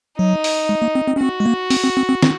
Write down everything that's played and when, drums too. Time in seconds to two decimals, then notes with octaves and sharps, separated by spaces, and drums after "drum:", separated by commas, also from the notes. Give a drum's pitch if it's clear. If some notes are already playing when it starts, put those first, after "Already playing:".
0.19 F#3 D#4
0.44 drum: open hi-hat
0.69 G#3
0.82 A#3
0.95 C4
1.07 C4
1.16 C#4
1.20 C4 F#4
1.40 G#3
1.45 A#3
1.70 C4, drum: open hi-hat
1.84 C4
1.97 C4
2.09 C4
2.23 C4, drum: snare